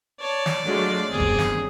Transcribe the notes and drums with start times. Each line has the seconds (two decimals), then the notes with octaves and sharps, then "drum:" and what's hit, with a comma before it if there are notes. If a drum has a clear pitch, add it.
0.21 C#5 D5 A5
0.46 drum: snare
0.64 F#3 G#3 A3 D4 F4
1.09 G1 D#2 C4 G#4
1.20 drum: kick F1
1.39 drum: snare